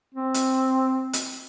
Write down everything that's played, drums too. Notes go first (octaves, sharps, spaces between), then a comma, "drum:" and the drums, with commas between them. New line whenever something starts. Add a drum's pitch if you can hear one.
C4
drum: hi-hat
drum: hi-hat